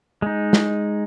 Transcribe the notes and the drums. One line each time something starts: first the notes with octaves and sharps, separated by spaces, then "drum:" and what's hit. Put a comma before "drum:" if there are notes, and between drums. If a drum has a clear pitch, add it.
G#3 D#4
drum: snare